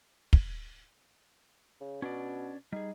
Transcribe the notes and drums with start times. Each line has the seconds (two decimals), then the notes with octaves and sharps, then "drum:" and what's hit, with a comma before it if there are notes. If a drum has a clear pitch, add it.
0.33 drum: kick
1.81 C#3
2.02 B2 C#4 D4 D5
2.72 G3 D#4 G#4